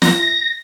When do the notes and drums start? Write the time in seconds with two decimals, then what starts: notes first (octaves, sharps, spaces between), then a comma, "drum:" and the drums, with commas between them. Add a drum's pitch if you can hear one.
0.02 A#6, drum: snare